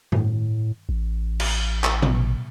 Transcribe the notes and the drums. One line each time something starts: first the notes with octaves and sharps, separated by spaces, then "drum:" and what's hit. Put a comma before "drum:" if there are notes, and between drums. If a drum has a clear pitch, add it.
A2, drum: tom G2
A1
drum: cymbal
drum: clap
drum: tom